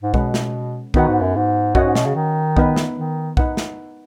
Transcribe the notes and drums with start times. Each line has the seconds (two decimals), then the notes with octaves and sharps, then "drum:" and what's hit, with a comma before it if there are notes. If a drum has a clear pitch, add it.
0.03 G#2
0.14 B2 G#3 C#4 B4 F#5, drum: kick B1
0.34 drum: snare
0.94 D#3 B3 D#4 F#4 B4 F#5, drum: kick B1
1.08 G#2
1.21 F#2
1.36 G#2
1.75 F#2 C#4 F#4 D#5 F#5, drum: kick B1
1.85 G#2
1.95 B2, drum: snare
2.06 C#3
2.15 D#3
2.57 B3 D#4 B4, drum: kick B1
2.76 drum: snare
2.97 D#3
3.37 D#4 B4 F#5, drum: kick B1
3.57 drum: snare